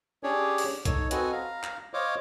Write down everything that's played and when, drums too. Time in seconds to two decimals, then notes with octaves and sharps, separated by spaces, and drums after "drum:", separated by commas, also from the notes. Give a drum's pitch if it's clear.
0.23 C#4 D4 G4 G#4 C#5 D5
0.58 drum: open hi-hat
0.85 D#4 A4 C#5, drum: kick B1, hi-hat
1.11 C4 F#4 A4 B4 D#5 G#5, drum: hi-hat
1.32 F5 A#5
1.64 drum: clap
1.94 C5 C#5 D#5 F5 D6